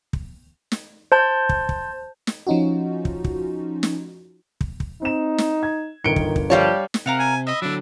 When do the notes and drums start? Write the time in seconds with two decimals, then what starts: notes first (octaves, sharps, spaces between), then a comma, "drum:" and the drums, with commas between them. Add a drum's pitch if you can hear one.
0.13 drum: kick
0.72 drum: snare
1.12 C5 A5 G6
1.49 drum: kick
1.69 drum: kick
2.27 drum: snare
2.47 F3 C#4 D#4 F4 F#4
3.05 drum: kick
3.24 drum: kick
3.83 drum: snare
4.61 drum: kick
4.80 drum: kick
5.02 C4 D#4 E7
5.38 drum: snare
5.63 G#6
6.04 G1 D#3 A#4 C#7 D7 G7
6.16 drum: kick
6.36 drum: kick
6.50 F3 G3 G4 C#5 F5 A5
6.94 drum: snare
7.06 C3 C4 A#4 F5 F#5
7.19 G#5
7.47 D#5 E5 B5
7.62 D3 F#3 D4